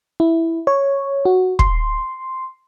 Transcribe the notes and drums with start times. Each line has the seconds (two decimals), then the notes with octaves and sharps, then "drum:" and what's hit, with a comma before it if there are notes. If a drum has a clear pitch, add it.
0.20 E4
0.67 C#5
1.25 F#4
1.59 C6, drum: kick